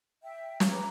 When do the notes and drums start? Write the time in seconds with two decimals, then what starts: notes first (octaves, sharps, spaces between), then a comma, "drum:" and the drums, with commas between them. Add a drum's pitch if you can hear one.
0.23 E5 G5
0.60 drum: snare
0.69 G#4 B4 A#5 D6